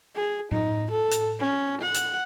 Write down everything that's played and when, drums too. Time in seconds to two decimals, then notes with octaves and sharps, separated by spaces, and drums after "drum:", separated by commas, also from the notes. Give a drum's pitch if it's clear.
0.16 G#4
0.52 D#4, drum: tom A2
0.91 A4
1.11 drum: hi-hat
1.40 C#4
1.81 F#5
1.94 drum: hi-hat